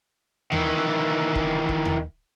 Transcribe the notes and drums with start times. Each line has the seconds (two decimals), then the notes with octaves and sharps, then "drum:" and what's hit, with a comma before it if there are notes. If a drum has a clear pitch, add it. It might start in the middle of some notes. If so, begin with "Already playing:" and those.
0.52 D#3 E3, drum: tom D#2
1.35 drum: kick
1.69 drum: kick
1.85 drum: tom D#2